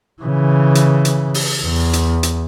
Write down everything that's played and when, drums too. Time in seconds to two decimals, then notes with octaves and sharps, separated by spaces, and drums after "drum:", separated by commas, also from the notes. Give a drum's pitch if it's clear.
0.22 C#3 E3
0.75 drum: hi-hat
1.05 drum: hi-hat
1.34 drum: open hi-hat
1.64 E2
1.93 drum: hi-hat
2.23 drum: hi-hat